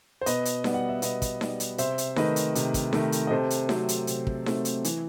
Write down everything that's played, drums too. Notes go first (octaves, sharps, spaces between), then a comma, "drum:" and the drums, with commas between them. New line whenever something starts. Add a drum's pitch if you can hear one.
C5
B2 B4 D#5, drum: hi-hat
drum: hi-hat
G3 B3, drum: snare D#4
F#5
E5
B2 B4 D#5, drum: hi-hat
drum: kick, hi-hat
G3 B3, drum: snare D#4
drum: hi-hat
C3 C5 E5, drum: hi-hat
drum: hi-hat
D#3 A3 B4 D#5, drum: snare D#4
drum: hi-hat
C3, drum: hi-hat
drum: kick, hi-hat
D#3 A3, drum: snare D#4
drum: hi-hat
D#5
C3 A4 C5
drum: hi-hat
F#3 A3 C4, drum: snare D#4
drum: hi-hat
C3, drum: hi-hat
drum: kick
F#3 A3 C4, drum: snare D#4
drum: hi-hat
E3, drum: hi-hat